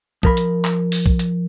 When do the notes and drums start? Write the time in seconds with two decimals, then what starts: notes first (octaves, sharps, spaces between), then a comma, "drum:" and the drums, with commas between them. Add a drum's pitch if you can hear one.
0.23 F3 A#4 B5, drum: kick B1
0.37 drum: hi-hat
0.64 drum: clap
0.92 drum: open hi-hat
1.06 drum: kick B1
1.19 drum: hi-hat